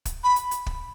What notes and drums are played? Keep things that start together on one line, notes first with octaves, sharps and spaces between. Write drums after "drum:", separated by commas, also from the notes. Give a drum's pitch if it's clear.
drum: kick, hi-hat
B5
drum: hi-hat
drum: hi-hat
drum: kick